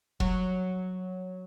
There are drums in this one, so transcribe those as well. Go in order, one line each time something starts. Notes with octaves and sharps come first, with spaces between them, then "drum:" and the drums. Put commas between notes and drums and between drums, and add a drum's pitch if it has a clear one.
F#3, drum: kick F1